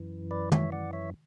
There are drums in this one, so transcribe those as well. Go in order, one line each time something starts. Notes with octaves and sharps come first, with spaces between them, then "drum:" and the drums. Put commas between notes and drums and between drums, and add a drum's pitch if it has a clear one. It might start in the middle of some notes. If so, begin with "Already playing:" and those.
Already playing: F#2 E3
B4 D5
C#5 E5, drum: tom
D5 F#5
C#5 E5